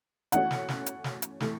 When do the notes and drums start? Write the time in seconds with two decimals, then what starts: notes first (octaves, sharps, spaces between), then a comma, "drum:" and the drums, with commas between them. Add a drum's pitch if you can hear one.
0.32 E3 A3 C#4 F#4 F#5, drum: hi-hat
0.51 drum: snare
0.68 drum: snare
0.86 drum: hi-hat
1.04 drum: snare
1.22 drum: hi-hat
1.40 A2 E3 A3, drum: snare